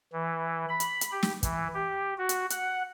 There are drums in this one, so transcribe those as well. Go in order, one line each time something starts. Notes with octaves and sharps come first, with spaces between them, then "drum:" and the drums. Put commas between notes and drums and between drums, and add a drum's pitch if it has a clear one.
E3
B5
drum: hi-hat
drum: hi-hat
G4
drum: snare
E3, drum: kick, hi-hat
G4
F#4
drum: hi-hat
F#5, drum: hi-hat